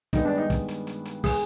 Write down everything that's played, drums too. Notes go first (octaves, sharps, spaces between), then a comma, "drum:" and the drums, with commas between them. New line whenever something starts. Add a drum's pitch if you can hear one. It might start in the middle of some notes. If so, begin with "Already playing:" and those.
G2 D#3 G#3 B3 D#4, drum: kick, hi-hat
D4
D#4
drum: kick, hi-hat
drum: hi-hat
drum: hi-hat
drum: hi-hat
G#4, drum: kick, open hi-hat